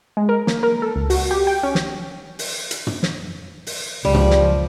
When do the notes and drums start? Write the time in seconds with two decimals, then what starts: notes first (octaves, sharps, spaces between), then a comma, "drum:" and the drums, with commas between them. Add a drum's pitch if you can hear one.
0.17 G#3
0.29 A#4
0.47 A#3, drum: snare
0.63 A#4
0.82 A4
0.96 C#2
1.10 F#4, drum: open hi-hat
1.31 G4
1.47 G5
1.63 C#4
1.75 drum: snare
2.39 drum: open hi-hat
2.71 drum: hi-hat
2.87 drum: tom
3.03 drum: snare
3.67 drum: open hi-hat
4.05 C#2 F3 G3
4.14 drum: tom
4.30 drum: snare